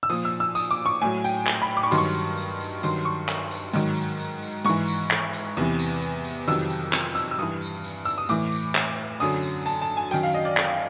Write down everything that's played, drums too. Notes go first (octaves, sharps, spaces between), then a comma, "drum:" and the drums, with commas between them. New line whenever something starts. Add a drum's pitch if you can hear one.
E6
A#2 F3 D#6, drum: tambourine
E6
E6
D#6, drum: tambourine
D6
C#6
A2 F#3 G#5
G5, drum: tambourine
drum: clap
B5
D6
C#6
G2 D#3 F#3 C6, drum: tambourine
C#6
drum: tambourine
drum: tambourine
drum: tambourine
G2 D#3 F#3 C6, drum: tambourine
C#6
drum: clap
drum: tambourine
G#2 D#3 F#3, drum: tambourine
drum: tambourine
drum: tambourine
drum: tambourine
G#2 E3 C#6, drum: tambourine
drum: tambourine
drum: clap
drum: tambourine
E2 C3 E3, drum: tambourine
drum: tambourine
drum: tambourine
drum: tambourine
F2 C3 D#3 F#3 E6, drum: tambourine
drum: tambourine
drum: clap
E6, drum: tambourine
E6
G2 E3 D#6
drum: tambourine
drum: tambourine
E6, drum: tambourine
D#6
A2 E3 D6, drum: tambourine
drum: tambourine
drum: clap
F#2 D3 F#3 D#6, drum: tambourine
drum: tambourine
A5, drum: tambourine
A5
G#5
F#2 D#3 F#3 G5, drum: tambourine
F5
D#5
D5
drum: clap